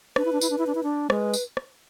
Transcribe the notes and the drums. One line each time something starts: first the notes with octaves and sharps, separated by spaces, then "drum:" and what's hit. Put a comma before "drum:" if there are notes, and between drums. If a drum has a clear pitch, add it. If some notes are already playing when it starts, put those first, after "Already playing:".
D4 B4, drum: rim click
E4
D4
E4, drum: tambourine
D4
E4
D4
E4
D4
G#3 B4, drum: rim click
drum: tambourine
drum: rim click